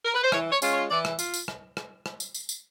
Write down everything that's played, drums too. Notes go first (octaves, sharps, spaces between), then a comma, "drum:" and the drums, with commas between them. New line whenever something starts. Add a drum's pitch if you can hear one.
A#4
B4
C5
E3 C#5, drum: rim click
C#5
G#3 C#4 F4, drum: tambourine
C#5
E3 D5
drum: rim click
F4, drum: tambourine
drum: tambourine
drum: rim click
drum: rim click
drum: rim click
drum: tambourine
drum: tambourine
drum: tambourine